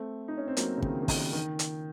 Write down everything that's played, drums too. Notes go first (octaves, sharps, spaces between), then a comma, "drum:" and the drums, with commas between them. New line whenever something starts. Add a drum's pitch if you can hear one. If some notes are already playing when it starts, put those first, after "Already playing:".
Already playing: A3 C4
D#4
C#4
C4
F#3 A#3, drum: hi-hat
C#3
D#3, drum: kick
D#3
C#3, drum: kick, open hi-hat
D#3
drum: hi-hat